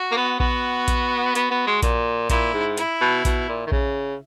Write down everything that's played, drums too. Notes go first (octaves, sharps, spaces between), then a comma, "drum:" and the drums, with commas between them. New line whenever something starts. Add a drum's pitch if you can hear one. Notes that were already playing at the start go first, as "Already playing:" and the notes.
Already playing: F#4
A#3
B3
B3 F#4, drum: kick A#1
drum: kick A#1, hi-hat
B3, drum: hi-hat
B3
G#3
A#2, drum: kick A#1, hi-hat
A#2 E4, drum: kick A#1, hi-hat
G#2
E4, drum: hi-hat
B2
B2, drum: kick A#1, hi-hat
A#2
D#3
C#3, drum: kick A#1